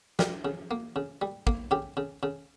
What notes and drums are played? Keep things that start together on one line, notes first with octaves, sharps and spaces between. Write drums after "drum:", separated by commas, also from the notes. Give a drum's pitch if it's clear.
G3 A#4, drum: snare
C#3
A#3
C#3
G3
A#3, drum: kick
C#3 G4
C#3
C#3